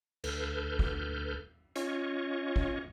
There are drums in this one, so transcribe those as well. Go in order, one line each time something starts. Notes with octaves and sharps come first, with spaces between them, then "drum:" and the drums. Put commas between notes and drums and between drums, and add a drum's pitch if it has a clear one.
D2 A4 B4 F6 G6, drum: cymbal
drum: kick
C#4 F4 C#5 D#5 C#6, drum: hi-hat
drum: kick